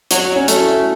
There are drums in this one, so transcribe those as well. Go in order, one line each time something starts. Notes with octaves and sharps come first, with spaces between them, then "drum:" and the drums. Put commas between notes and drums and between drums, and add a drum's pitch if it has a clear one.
F#3 F#4, drum: hi-hat
C#4
A3, drum: hi-hat
E4